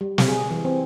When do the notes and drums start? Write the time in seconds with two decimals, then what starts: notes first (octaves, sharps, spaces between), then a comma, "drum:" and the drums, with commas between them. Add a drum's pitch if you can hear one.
0.01 G3
0.18 drum: snare
0.28 G#4
0.51 E3
0.65 C4